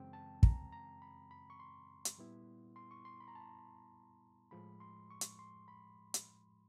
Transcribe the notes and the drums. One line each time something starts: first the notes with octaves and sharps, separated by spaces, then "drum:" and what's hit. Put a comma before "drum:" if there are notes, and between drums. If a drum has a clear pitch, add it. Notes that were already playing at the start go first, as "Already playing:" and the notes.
Already playing: F#2 C#3 E3 G#3 C4 G5
A5
A#5, drum: kick
A#5
B5
B5
C#6
C6
drum: hi-hat
A#2 G3 B3 E4
C6
C#6
C6
B5
A#5
A5
A2 F3 G#3 B5
C6
C#6
drum: hi-hat
C6
B5
drum: hi-hat